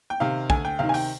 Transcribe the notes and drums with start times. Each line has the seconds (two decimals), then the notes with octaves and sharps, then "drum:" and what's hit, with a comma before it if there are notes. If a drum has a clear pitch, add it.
0.10 G5
0.20 C3 D#3 F5
0.50 D2 G#5, drum: kick
0.65 G5
0.79 C3 D#3 F5
0.89 G#5
0.94 G5, drum: open hi-hat